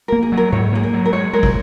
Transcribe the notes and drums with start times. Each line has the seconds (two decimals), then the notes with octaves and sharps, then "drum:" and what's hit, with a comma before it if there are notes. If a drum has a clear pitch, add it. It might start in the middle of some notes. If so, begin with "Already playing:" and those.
0.08 A#3 A#4
0.23 G#4
0.32 F#3
0.37 A#4
0.52 G#2 C#5
0.73 A#3 G#4
0.83 A#4
0.93 F#3
1.05 A#4
1.13 G#3 C#5
1.33 G#3 A#4
1.43 drum: kick